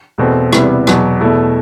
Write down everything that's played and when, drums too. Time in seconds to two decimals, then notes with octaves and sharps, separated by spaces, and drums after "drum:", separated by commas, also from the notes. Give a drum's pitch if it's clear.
0.18 E2 B2 A3 C4
0.53 E2 C3 G3 B3 E4, drum: rim click
0.87 E2 B2 F#3, drum: rim click
1.20 E2 B2 A3 E4